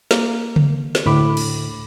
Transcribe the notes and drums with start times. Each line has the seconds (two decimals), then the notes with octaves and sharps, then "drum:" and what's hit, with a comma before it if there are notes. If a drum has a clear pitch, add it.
0.11 A#3, drum: snare
0.56 drum: tom C#3
0.95 drum: snare
1.06 D2 A2 B5 D6
1.37 drum: cymbal